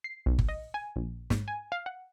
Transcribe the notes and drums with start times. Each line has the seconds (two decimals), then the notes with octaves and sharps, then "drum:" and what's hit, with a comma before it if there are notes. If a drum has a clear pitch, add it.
0.04 C7
0.26 B1
0.39 drum: kick G1
0.49 D#5
0.74 G#5
0.96 A#1
1.30 G#2, drum: snare
1.48 G#5
1.72 F5
1.86 F#5